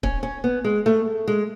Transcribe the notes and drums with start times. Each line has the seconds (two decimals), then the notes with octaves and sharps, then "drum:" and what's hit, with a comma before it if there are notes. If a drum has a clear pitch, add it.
0.03 C#4, drum: kick C#1
0.23 C#4
0.44 B3
0.64 G#3
0.86 A3
1.28 G#3